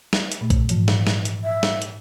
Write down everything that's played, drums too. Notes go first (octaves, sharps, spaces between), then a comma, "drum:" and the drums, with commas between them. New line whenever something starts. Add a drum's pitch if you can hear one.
drum: snare
drum: hi-hat
A#2 A3
drum: kick A#1, hi-hat
G#2 E3 F3, drum: hi-hat
drum: snare
drum: snare
drum: hi-hat
E5
drum: snare
drum: hi-hat